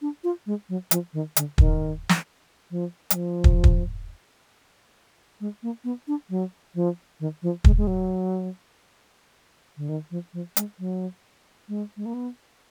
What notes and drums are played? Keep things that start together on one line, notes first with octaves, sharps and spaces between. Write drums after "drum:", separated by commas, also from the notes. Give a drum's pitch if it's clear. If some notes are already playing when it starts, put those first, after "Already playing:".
D4
F4
G#3
F#3
F3, drum: hi-hat
D#3
D3, drum: hi-hat
D#3, drum: kick
drum: snare
F3
F#3, drum: hi-hat
F3
drum: kick
drum: kick
G#3
A#3
B3
D4
F#3
F3
D#3
F3
G#3, drum: kick
G#3
F#3
D3
D#3
F3
F3
G#3, drum: hi-hat
F#3
G#3
G#3
A#3
B3